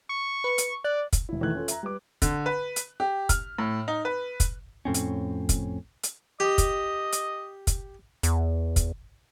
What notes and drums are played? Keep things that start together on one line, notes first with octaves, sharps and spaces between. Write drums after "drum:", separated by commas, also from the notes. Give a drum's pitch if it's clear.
C#6
B4 C#7
drum: hi-hat
D5 F#6
drum: kick, hi-hat
E1 E4
E2 D#3 A3 E4 F#6 G#6
C#4 F4 A4
E5 A#5, drum: hi-hat
G3 B4 D6
D3, drum: kick, hi-hat
B4
drum: hi-hat
G4
F6, drum: kick, hi-hat
A2
D#4
B4
drum: kick, hi-hat
F2 A2 C4 C#4
drum: hi-hat
drum: kick, hi-hat
drum: hi-hat
G4 D#5
drum: kick, hi-hat
drum: hi-hat
drum: kick, hi-hat
E2, drum: hi-hat
drum: kick, hi-hat